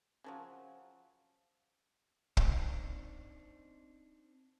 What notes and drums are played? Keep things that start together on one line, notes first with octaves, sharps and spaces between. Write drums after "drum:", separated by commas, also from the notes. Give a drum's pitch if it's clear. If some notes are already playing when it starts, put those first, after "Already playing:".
C#3 F3 F#3
C4 D4 D#4, drum: kick